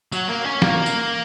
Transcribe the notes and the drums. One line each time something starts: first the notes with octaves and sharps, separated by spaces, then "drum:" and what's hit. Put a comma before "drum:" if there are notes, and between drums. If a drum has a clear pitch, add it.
F#3, drum: tambourine
A#3
C#4
A#3, drum: snare
drum: tambourine